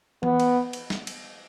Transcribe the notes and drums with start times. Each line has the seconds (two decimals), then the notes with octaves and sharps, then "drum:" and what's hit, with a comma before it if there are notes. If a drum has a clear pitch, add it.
0.23 B3, drum: tom E3
0.40 drum: cymbal
0.73 drum: cymbal
0.90 drum: snare
1.07 drum: cymbal